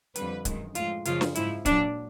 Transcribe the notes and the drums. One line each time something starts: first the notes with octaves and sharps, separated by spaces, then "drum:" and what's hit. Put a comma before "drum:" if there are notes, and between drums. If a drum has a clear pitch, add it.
F2 D3 G3 B4, drum: hi-hat
F#2 D#3 G#3, drum: kick C#1, hi-hat
A2 F3 G#3 F4, drum: hi-hat
F#2 C#3 F3 G#3 F4, drum: hi-hat
drum: snare
G#2 F3 G#3 E4, drum: hi-hat
A#2 F#3 D4, drum: kick C#1, hi-hat